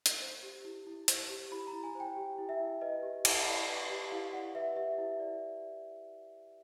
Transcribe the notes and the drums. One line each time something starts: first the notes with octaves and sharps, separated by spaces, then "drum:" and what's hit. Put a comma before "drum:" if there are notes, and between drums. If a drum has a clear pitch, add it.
drum: hi-hat
C5
G4
E4
E4
C5, drum: hi-hat
G4
E4 B5
A#5
E4
G#5
C5
G5
G4
E4
E5
E4
B4 D#5
G4
E4, drum: cymbal
D5
B4
G4
E4 F5
D5 F#5
B4 E5
G4 E5
E4
D5